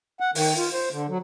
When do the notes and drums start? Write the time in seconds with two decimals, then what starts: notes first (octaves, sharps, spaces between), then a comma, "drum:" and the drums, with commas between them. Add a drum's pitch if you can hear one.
0.20 F#5
0.35 D#3, drum: open hi-hat
0.57 F4
0.73 C5
0.92 D3
1.09 F#3